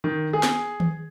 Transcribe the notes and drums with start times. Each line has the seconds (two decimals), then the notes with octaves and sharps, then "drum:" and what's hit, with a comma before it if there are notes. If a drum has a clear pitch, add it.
0.04 D#3
0.33 G#4
0.43 drum: snare
0.80 drum: tom D#3